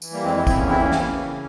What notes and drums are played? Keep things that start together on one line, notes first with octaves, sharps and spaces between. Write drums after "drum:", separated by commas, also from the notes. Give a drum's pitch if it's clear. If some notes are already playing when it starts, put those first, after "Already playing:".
E3, drum: tambourine
G3 A#3
F2 G#3 C4
C4 E4
E2 C4 E4, drum: kick, tambourine
A#3 C#4
E3 C4 E4
A#3 C#4
E3, drum: snare
C#3